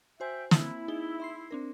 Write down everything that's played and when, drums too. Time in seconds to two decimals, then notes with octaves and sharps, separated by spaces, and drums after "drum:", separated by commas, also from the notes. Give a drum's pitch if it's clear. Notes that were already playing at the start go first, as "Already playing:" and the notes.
0.20 F#4 C5 E5 G5 G#5
0.51 A#3 C4 E4, drum: snare
0.88 D#4 G#4 G7
1.20 E5 C6 C7
1.51 C4 D4 A#4